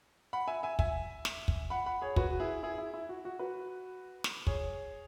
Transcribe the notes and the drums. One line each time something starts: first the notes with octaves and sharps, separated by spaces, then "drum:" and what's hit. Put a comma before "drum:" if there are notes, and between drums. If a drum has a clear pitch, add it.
F#5 B5
E5 G#5
E5 G#5
E5 G#5, drum: kick
drum: snare
drum: kick
F#5 B5
F#5 B5
G#4 C#5
F#4 B4, drum: kick
E4 G#4
E4 G#4
E4
E4
F#4
F#4
F#4 B4
drum: snare
G#4 C#5, drum: kick